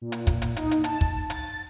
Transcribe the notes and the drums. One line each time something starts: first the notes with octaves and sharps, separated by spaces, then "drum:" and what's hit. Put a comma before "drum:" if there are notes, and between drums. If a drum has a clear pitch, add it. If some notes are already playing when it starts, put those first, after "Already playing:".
A#2
drum: hi-hat
drum: kick, hi-hat
drum: hi-hat
D#4, drum: hi-hat
drum: hi-hat
A5, drum: hi-hat
drum: kick
A6, drum: hi-hat